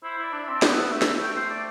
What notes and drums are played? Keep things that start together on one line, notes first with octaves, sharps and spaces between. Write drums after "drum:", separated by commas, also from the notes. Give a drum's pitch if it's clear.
E4 C5
E4 D5
D4
E5
C4
D5
B3 E5, drum: snare
E5
A3 E5
drum: snare
A3 G5
C5
D5